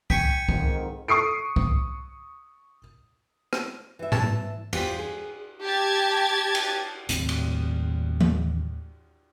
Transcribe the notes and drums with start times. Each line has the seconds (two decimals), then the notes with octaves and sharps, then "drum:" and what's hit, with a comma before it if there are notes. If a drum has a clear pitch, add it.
0.10 G5 G#5 C#6 B6, drum: kick C2
0.49 F2 G#2 D#3, drum: kick C2
1.08 C#6 D#6 C7 D7
1.56 drum: kick C2
3.53 drum: rim click
3.99 E3 E5
4.12 G2 A5, drum: tom G#2
4.73 E2 F4 G4 C5 B6, drum: cymbal
4.98 G#4
5.63 G4 A5 G#6 A6
6.55 drum: cymbal
7.09 D#2 A2 C4, drum: hi-hat
7.29 drum: cymbal
8.21 drum: tom E3